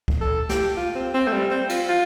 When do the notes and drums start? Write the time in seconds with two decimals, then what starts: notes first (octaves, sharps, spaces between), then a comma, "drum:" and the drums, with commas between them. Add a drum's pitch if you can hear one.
0.08 drum: kick
0.21 A4
0.49 G4, drum: snare
0.77 F4
0.95 C4
1.14 C4
1.28 A3
1.32 G3
1.51 C4
1.69 F4, drum: cymbal
1.88 F4